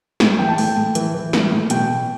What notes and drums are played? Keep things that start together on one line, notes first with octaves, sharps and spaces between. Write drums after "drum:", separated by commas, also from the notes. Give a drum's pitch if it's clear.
A2, drum: snare
E3 G5
A5
A2 G5, drum: open hi-hat
A2
E3, drum: hi-hat
E3
E3, drum: snare
A2
B2 G5, drum: hi-hat
B2